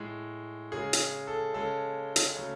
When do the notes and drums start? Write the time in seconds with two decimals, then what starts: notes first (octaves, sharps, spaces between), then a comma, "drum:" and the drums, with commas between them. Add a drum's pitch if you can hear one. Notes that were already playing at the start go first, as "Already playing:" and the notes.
Already playing: A2 G#3
0.72 C#3 G#3 G#4
0.93 drum: hi-hat
1.27 A4
1.54 C#3 G#3 A4
2.16 drum: hi-hat
2.37 C#3 F#3 A3